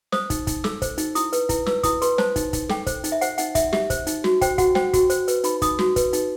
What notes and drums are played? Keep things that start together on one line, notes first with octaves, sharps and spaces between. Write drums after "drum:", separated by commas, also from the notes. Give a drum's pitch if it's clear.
C5 D#6, drum: snare
D#4, drum: kick, hi-hat
D#4, drum: kick, hi-hat
A4 E6, drum: snare
C5, drum: kick, hi-hat
D#4, drum: hi-hat
E4 D#6, drum: hi-hat
B4, drum: hi-hat
E4, drum: kick, hi-hat
B4 E6, drum: snare
E4 D#6, drum: kick, hi-hat
B4 C6, drum: hi-hat
C5 A5, drum: snare
D#4, drum: kick, hi-hat
D#4, drum: kick, hi-hat
A4 G5, drum: snare
C5, drum: kick, hi-hat
D#4, drum: hi-hat
E5
C5 F#5, drum: hi-hat
D#4 F#5, drum: hi-hat
D#4 E5, drum: kick, hi-hat
G4 E5, drum: snare
C5, drum: kick, hi-hat
D#4, drum: hi-hat
F#4, drum: snare
C5 G5, drum: kick, hi-hat
F#4 F#5, drum: kick, hi-hat
C5 G5, drum: snare
F#4, drum: kick, hi-hat
C5, drum: hi-hat
B4, drum: hi-hat
D#4 B5, drum: hi-hat
D#4 D#6, drum: kick, hi-hat
F#4, drum: snare
B4, drum: kick, hi-hat
D#4, drum: hi-hat